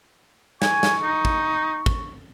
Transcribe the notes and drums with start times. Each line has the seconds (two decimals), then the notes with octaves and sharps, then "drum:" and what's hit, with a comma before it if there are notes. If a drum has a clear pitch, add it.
0.62 G#5 C#6, drum: snare
0.83 drum: snare
1.03 D#4
1.25 drum: kick
1.86 drum: kick